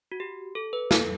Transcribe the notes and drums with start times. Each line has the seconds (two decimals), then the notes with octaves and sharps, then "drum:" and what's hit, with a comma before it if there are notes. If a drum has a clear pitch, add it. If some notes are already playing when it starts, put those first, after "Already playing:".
0.12 F#4
0.20 G4
0.55 A4
0.73 B4
0.91 A4, drum: snare